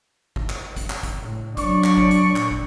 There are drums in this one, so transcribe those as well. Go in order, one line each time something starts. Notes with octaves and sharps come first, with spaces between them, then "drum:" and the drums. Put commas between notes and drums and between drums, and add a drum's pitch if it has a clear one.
drum: kick
drum: clap
drum: kick, hi-hat
drum: clap
drum: kick, hi-hat
A2
F#3 D4 D5 C#6, drum: kick, hi-hat
drum: clap
drum: kick
drum: hi-hat
A#2, drum: clap
drum: kick